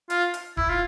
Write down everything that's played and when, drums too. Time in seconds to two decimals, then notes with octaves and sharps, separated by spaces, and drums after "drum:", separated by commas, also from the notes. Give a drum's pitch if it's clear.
0.10 F4, drum: hi-hat
0.34 drum: hi-hat
0.57 E4, drum: kick D1
0.69 F4